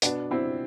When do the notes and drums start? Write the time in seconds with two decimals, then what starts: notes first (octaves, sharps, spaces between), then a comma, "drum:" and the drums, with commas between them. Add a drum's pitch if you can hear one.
0.02 B2 B3 D4, drum: hi-hat
0.31 C4 E4